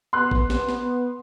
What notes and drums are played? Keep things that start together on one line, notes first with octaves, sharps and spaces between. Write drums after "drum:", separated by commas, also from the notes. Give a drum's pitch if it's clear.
B3 C6 F#6
drum: kick A1
drum: snare
drum: snare